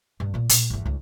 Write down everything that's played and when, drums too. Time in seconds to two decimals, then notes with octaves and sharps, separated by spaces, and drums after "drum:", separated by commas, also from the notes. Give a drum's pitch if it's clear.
0.20 G2
0.34 A#2 A#3
0.49 A#2, drum: hi-hat
0.70 G1 E2
0.86 C#2 D#4